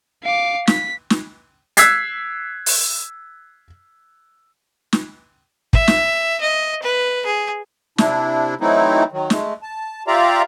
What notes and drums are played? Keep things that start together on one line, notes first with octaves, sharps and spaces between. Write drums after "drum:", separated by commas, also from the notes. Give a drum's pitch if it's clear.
F5 D6
B6, drum: snare
drum: snare
E6 F#6 G#6 B6 C7, drum: hi-hat
drum: open hi-hat
drum: snare
E5, drum: kick
drum: snare
D#5
B4
G#4
C3 D4 E4, drum: snare
E3 F#3 A3 C4 D#4 E4
D#3 F#3
G#3 A3, drum: snare
A5
F4 G4 D5 E5 F5 A#5